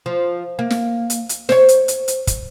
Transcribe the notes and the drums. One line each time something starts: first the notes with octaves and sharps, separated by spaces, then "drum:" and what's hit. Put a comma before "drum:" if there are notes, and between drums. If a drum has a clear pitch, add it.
F3
A#3
drum: snare
drum: hi-hat
drum: hi-hat
C5 C#5, drum: snare
drum: hi-hat
drum: hi-hat
drum: hi-hat
drum: kick, hi-hat